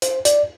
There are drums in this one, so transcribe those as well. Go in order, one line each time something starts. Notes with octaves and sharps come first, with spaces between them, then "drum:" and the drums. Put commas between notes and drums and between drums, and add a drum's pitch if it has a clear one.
C5, drum: hi-hat
D5, drum: hi-hat